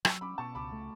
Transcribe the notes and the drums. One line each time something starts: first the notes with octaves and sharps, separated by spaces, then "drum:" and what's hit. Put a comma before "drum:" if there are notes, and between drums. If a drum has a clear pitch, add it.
F#3 C#6 E6, drum: rim click
C#4 B5 D6
B2 A5 C#6
C#2 B5 D6
A3